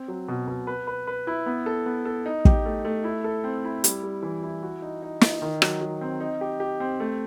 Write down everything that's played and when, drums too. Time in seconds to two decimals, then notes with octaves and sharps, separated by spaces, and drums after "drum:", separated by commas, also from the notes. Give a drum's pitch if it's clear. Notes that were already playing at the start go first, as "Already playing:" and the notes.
Already playing: C4
0.08 F#3
0.28 B2
0.47 B2
0.67 B4
0.87 B4
1.07 B4
1.27 E4
1.46 B3
1.66 A4
1.86 B3
2.05 A4
2.26 D#4
2.45 G4, drum: kick
2.65 A3
2.85 A3
3.04 E4
3.24 A4
3.44 C4
3.64 E4
3.84 G3, drum: hi-hat
4.03 G3
4.23 E3
4.43 E4
4.63 F#4
4.82 D#4
5.02 D#4
5.21 D#4, drum: snare
5.42 D#3
5.62 F#3, drum: rim click
5.81 F#3
6.01 C4
6.21 D#4
6.41 G4
6.60 G4
6.80 C4
7.00 A3